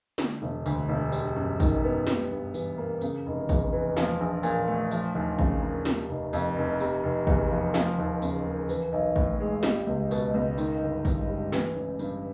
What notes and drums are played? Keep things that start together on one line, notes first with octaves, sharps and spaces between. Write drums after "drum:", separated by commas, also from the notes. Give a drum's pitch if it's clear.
D3, drum: snare
E1
D2, drum: tambourine
E1
G3, drum: tambourine
F#2
D#3, drum: kick A1, tambourine
B3
G3, drum: snare
G2
E3, drum: tambourine
A#3
C#3, drum: tambourine
F1
E2, drum: kick A1, tambourine
E3
F3, drum: snare
A#1
A#2, drum: tambourine
A3
F3, drum: tambourine
D#2
C#3, drum: kick A1
A#3
C3, drum: snare
F1
F2, drum: tambourine
F1
C3, drum: tambourine
F1
E2, drum: kick A1
F3
F3, drum: snare
D#2
C#3, drum: tambourine
A#3
E3, drum: tambourine
B1
A2, drum: kick A1
G#3
G3, drum: snare
C#2
B2, drum: tambourine
C#2
D#3, drum: tambourine
G1
G2, drum: kick A1, tambourine
G3
E3, drum: snare
A1
G2, drum: tambourine